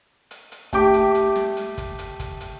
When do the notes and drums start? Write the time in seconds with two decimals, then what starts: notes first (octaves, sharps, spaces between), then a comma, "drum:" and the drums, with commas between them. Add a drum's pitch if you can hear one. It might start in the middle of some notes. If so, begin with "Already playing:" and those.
0.31 drum: hi-hat
0.52 drum: hi-hat
0.73 A3 G4 G5 D6, drum: kick G1, hi-hat
0.94 drum: hi-hat
1.15 drum: hi-hat
1.36 drum: snare
1.57 drum: hi-hat
1.78 drum: kick G1, hi-hat
1.99 drum: hi-hat
2.20 drum: kick G1, hi-hat
2.41 drum: hi-hat